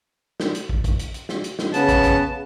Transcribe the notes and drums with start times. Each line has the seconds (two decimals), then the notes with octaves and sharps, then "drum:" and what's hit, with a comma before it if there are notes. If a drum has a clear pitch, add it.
0.40 drum: snare
0.55 drum: hi-hat
0.69 drum: kick
0.84 drum: kick, hi-hat
0.99 drum: hi-hat
1.14 drum: hi-hat
1.29 drum: snare
1.44 drum: hi-hat
1.59 drum: snare
1.74 C#3 B3 A5, drum: hi-hat
1.88 drum: kick, hi-hat
2.03 drum: kick, hi-hat